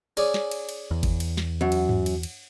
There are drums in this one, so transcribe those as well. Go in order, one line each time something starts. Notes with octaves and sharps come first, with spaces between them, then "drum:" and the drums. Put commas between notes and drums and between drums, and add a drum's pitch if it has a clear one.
C#4 G#4 D5, drum: cymbal
drum: snare
drum: cymbal
drum: cymbal
E2
drum: kick, cymbal
drum: cymbal
drum: snare
F#2
drum: cymbal
drum: tom G2
drum: cymbal
drum: cymbal